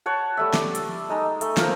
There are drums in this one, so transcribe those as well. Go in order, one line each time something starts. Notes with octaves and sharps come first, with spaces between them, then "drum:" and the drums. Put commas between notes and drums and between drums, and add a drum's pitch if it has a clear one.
C#5 F#5 A5
G3 A3 E5
D5, drum: snare
drum: hi-hat
G#3 D#4 G#4
A3, drum: hi-hat
F3 A#3 A#4 C5, drum: snare